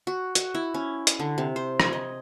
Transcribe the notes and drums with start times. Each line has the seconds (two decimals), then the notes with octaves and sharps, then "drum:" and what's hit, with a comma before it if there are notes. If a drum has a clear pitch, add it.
0.07 F#4
0.35 F#4, drum: hi-hat
0.55 E4
0.74 C#4
1.07 drum: hi-hat
1.19 D3
1.38 C3
1.56 C5
1.80 G#5, drum: rim click
1.93 D#5